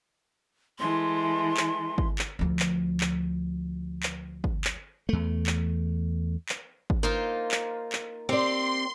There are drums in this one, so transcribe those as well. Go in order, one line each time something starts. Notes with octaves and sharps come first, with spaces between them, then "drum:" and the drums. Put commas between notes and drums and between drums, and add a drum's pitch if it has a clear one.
E3 G#3 A3 C6
drum: clap
drum: kick
drum: clap
D2 F3
drum: clap
drum: clap
drum: clap
drum: kick
drum: clap
E2 A3
drum: clap
drum: clap
drum: kick
A#3 D#4 F4 C5
drum: clap
drum: clap
C4 G4 D5 C6